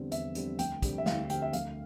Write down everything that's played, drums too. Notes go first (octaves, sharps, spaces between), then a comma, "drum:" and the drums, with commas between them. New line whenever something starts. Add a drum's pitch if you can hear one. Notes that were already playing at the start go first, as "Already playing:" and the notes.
Already playing: E2 D3 G3 C4
E2 E5, drum: hi-hat
D3 G3 C4, drum: hi-hat
D2 G5, drum: hi-hat
D3 G3 C4, drum: kick, hi-hat
E5
D2 F5, drum: snare
D3 G3 C4 G5, drum: hi-hat
E5
D2 F5, drum: hi-hat